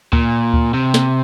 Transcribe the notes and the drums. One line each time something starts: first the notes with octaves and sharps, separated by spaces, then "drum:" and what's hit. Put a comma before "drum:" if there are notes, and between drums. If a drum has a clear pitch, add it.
A#2, drum: kick D2
drum: kick D2
C3
drum: snare